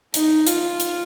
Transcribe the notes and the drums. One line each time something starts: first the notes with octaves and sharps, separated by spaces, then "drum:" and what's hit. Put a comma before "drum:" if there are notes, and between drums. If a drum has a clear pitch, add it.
D#4, drum: hi-hat
F4, drum: hi-hat
drum: hi-hat